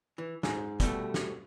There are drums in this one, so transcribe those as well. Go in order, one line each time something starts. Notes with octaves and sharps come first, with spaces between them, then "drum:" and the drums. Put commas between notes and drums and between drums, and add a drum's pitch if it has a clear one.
E3
G#2, drum: snare
B2 G3 A3, drum: kick, hi-hat
drum: snare